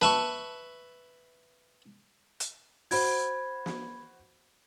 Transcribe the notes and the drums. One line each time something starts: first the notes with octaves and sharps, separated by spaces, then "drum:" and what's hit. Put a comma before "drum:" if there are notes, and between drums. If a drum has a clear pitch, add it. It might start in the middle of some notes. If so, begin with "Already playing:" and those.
B4 E5 A5 C#6, drum: snare
drum: hi-hat
F#4 C5 B5 G#6, drum: open hi-hat
drum: snare